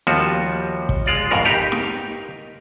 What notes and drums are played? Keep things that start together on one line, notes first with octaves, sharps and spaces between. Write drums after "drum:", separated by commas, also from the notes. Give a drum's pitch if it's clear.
D#2 F3 G3 F#4, drum: snare
drum: kick
G#3 F4 D5
F2 G#2 B2 A#4 F5 A#5
D#4 G4 A#4 B4
drum: snare